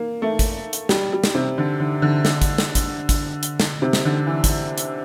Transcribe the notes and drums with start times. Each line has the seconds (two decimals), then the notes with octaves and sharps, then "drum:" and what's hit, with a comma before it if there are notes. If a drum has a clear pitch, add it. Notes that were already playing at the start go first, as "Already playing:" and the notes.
Already playing: A#3
0.22 A3
0.39 drum: kick, hi-hat
0.73 drum: hi-hat
0.89 G3, drum: snare
1.13 G3
1.24 drum: snare
1.35 C3
1.58 D3
1.80 D3
2.02 D3
2.25 drum: snare
2.42 drum: kick, hi-hat
2.58 drum: snare
2.75 drum: kick, hi-hat
3.09 drum: kick, hi-hat
3.43 drum: hi-hat
3.60 drum: snare
3.82 C3
3.93 drum: snare
4.05 D3
4.26 E3
4.44 drum: kick, hi-hat
4.78 drum: hi-hat